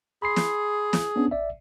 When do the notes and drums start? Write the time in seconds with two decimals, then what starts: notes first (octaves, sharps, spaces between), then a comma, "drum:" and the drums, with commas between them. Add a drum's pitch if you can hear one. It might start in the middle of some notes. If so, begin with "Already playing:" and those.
0.22 G#4 B5 C6 C7
0.36 drum: snare
0.93 drum: snare
1.16 B3 C#4 D4
1.31 A1 D5 E5